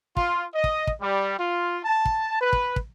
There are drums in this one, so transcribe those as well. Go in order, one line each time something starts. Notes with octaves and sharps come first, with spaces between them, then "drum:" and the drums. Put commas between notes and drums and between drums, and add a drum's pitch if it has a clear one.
F4, drum: kick
D#5
drum: kick
drum: kick
G3
F4
A5
drum: kick
B4
drum: kick
drum: kick